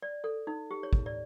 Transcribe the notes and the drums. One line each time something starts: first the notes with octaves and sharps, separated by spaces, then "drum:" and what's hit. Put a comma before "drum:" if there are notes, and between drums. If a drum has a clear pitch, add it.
D5
A4
D#4
G4
C#5
drum: kick
D5